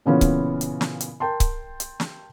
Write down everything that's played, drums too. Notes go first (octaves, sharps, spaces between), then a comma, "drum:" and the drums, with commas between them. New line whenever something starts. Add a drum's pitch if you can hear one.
A#2 C#3 E3 B3 C#4 F4
drum: kick C#1, hi-hat
drum: hi-hat
drum: snare
drum: hi-hat
A#4 G5 A5 C6
drum: kick C#1, hi-hat
drum: hi-hat
drum: snare